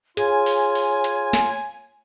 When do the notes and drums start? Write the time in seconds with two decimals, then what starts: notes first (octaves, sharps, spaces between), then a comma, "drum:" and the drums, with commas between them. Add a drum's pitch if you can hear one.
0.17 F4 G#4 C#5 G#5, drum: hi-hat
0.46 drum: open hi-hat
0.75 drum: open hi-hat
1.04 drum: hi-hat
1.33 drum: snare